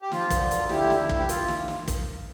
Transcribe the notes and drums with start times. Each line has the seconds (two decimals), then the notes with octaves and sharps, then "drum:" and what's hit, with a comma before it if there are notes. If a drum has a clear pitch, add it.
0.02 G4
0.12 F3 F4, drum: snare
0.30 D3, drum: kick, hi-hat
0.51 D2, drum: hi-hat
0.69 D3 E4 G4, drum: snare
0.90 D2, drum: snare
0.99 E4
1.09 D2, drum: kick
1.19 G4
1.29 F4, drum: hi-hat
1.48 drum: snare
1.68 drum: snare
1.88 drum: kick, hi-hat